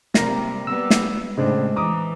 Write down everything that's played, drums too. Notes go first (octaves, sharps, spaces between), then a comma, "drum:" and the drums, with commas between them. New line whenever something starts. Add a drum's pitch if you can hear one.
C3 G3 A#3 A#4 A#6, drum: snare
G3 B3 E6
drum: snare
A2 C#3 G#3 C4 D4
E3 A#5 D6 D#6